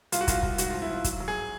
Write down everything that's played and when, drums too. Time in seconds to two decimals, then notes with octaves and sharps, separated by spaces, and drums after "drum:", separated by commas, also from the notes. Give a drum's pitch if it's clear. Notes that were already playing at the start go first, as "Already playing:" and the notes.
0.12 C2 F4, drum: hi-hat
0.21 F#4
0.28 C2 F4, drum: kick, hi-hat
0.43 C2, drum: kick
0.58 G#2 F#4, drum: hi-hat
0.70 F3 F4
0.82 E4
0.90 G#2 F4
1.04 F#3, drum: kick, hi-hat
1.20 F#3
1.28 G#4